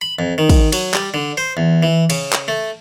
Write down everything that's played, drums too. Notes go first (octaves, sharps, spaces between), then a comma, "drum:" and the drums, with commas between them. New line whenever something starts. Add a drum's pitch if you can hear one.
B5
F2
D#3
drum: kick, cymbal
F#3, drum: cymbal
G3, drum: clap
D3
C5
E2
E3
C#3, drum: cymbal
drum: clap
A3